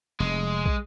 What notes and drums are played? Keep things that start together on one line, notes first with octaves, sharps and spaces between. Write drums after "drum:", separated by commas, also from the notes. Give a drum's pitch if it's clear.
F1 G#3
drum: kick